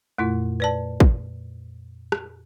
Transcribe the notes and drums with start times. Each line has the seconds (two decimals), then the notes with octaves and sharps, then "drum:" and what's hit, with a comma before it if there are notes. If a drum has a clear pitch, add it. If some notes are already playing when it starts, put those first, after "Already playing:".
0.18 F2 A#2 A3 E4 F4
0.60 B4 D5 A5
1.00 drum: kick
2.12 drum: rim click